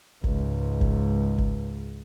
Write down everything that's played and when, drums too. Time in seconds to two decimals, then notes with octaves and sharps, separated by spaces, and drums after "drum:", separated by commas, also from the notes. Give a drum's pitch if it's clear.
0.24 C#2 G#2, drum: kick G1
0.81 drum: kick G1
1.38 drum: kick G1